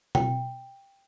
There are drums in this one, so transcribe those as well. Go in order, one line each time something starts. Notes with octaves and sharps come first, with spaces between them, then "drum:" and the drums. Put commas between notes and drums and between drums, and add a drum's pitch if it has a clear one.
G5, drum: tom B2